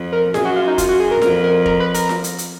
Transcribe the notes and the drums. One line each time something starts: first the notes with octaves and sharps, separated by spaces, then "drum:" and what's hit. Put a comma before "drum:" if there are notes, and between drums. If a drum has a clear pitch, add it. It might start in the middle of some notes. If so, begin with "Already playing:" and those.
Already playing: F2
A#4
F#2 G#4, drum: snare F4
F#4
F4
D#4
F4, drum: kick F1, hi-hat
F#4
G#4
A#4
F2 A#4, drum: snare F4
A#4
A#4, drum: kick F1
B4
A#4, drum: hi-hat
drum: snare F4
drum: hi-hat
drum: hi-hat